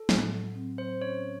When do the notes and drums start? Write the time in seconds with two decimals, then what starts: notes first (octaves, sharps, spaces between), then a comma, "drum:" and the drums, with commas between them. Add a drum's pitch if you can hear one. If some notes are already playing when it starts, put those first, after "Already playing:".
Already playing: A4
0.09 A2, drum: snare
0.32 F#3
0.55 C4
0.78 F#3 C5
1.02 C#4 C#5